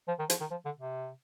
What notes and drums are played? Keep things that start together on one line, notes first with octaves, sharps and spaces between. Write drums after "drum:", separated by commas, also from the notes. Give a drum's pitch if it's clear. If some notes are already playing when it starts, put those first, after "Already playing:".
F3
D#3
F3, drum: hi-hat
D#3
F3
D3
C3